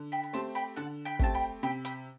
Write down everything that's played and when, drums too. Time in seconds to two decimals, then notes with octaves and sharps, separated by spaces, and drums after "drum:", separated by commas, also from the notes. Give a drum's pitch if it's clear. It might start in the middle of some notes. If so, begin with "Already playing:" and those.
Already playing: D3
0.12 G5 B5
0.24 B5
0.33 A3 C4 G4 A5 C6
0.55 G5 B5
0.76 D3 F#5 A5
1.05 G5 B5
1.19 A3 C4 G4 A5, drum: kick
1.34 G5 B5
1.63 C3 G5 B5
1.85 G5 B5, drum: hi-hat